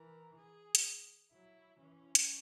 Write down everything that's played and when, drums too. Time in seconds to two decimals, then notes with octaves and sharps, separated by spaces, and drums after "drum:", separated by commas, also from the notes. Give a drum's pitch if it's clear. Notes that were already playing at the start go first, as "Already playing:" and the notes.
Already playing: E3 A#4
0.38 G#4
0.75 drum: hi-hat
1.33 F#3 E4
1.81 E3 C#4
2.15 drum: hi-hat